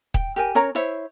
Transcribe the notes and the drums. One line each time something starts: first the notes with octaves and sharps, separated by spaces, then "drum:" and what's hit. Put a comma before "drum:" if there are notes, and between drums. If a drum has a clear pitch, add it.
G5, drum: kick D#1
G4 A#4 G#5
C#4 A#4 C#5 A#5
E4 C5 C#5 E5